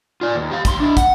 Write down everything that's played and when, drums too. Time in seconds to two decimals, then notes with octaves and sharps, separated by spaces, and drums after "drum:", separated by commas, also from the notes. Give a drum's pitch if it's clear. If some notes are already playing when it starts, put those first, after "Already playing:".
0.21 F4 D5
0.35 D#2
0.51 G4 F5
0.65 D#2 C6, drum: kick, hi-hat
0.80 D4 E4
0.97 F#5, drum: kick, hi-hat